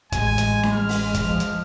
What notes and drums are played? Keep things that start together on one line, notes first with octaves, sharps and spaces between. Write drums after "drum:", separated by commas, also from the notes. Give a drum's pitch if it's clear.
A1 G#3 G#5, drum: kick, hi-hat
drum: hi-hat
drum: snare C#4
F6
drum: open hi-hat
drum: kick, hi-hat
F3
drum: hi-hat